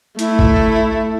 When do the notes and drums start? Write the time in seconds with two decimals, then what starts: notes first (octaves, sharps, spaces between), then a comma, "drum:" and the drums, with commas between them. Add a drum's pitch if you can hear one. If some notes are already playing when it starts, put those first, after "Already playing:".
0.19 A3 E4, drum: hi-hat
0.39 drum: kick A1